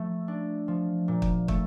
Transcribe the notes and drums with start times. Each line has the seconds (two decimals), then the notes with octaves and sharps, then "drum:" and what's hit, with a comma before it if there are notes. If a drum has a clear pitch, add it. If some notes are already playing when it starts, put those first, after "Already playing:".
Already playing: F3 A3
0.28 D4
0.68 F3
1.08 A#2
1.22 drum: kick
1.48 A3, drum: kick